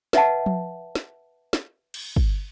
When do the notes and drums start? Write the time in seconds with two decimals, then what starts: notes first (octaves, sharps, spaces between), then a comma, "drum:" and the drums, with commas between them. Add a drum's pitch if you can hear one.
0.13 B4 D#5 E5 F#5 A5, drum: snare
0.46 drum: tom F3
0.95 drum: snare
1.53 drum: snare
1.94 drum: cymbal
2.16 drum: kick